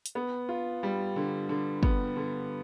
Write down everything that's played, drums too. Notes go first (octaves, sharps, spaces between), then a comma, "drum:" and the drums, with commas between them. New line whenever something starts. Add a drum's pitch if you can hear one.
drum: hi-hat
B3
F4
G3
D3
D3
B3, drum: kick
D3